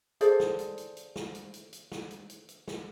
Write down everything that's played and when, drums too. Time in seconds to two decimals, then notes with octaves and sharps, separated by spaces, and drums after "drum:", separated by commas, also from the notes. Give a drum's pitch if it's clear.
0.21 G#4 A4 C5 D5, drum: hi-hat
0.40 drum: snare
0.59 drum: hi-hat
0.78 drum: hi-hat
0.97 drum: hi-hat
1.16 drum: snare
1.35 drum: hi-hat
1.54 drum: hi-hat
1.73 drum: hi-hat
1.92 drum: snare
2.11 drum: hi-hat
2.30 drum: hi-hat
2.49 drum: hi-hat
2.68 drum: snare